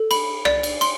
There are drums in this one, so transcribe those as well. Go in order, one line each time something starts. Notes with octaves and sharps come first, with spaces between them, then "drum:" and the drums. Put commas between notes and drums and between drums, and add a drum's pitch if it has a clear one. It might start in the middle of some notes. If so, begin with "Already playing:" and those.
Already playing: A4
B5, drum: cymbal
D5, drum: rim click
drum: cymbal
C6, drum: cymbal